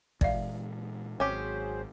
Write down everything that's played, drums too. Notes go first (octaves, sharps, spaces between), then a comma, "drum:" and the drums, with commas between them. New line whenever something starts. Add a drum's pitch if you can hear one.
A#2 E3 G#3 D5 E5 F5, drum: kick
G#1 F#3 C#4 G4 G#4 C5